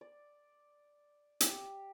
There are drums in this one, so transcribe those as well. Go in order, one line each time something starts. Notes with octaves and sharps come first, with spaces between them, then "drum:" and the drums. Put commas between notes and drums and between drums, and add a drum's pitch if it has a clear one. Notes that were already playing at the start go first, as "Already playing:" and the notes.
D5
G4, drum: hi-hat